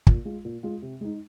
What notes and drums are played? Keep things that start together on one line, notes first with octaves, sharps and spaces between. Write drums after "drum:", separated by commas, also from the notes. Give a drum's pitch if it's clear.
A#2, drum: kick
G#3 F4
A#2
G#3 F4
C3
G#3 D#4